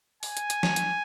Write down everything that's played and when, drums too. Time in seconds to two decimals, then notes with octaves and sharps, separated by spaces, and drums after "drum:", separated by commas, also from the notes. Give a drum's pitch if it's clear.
0.23 G#5, drum: open hi-hat
0.37 drum: hi-hat
0.50 drum: hi-hat
0.63 drum: snare
0.76 drum: hi-hat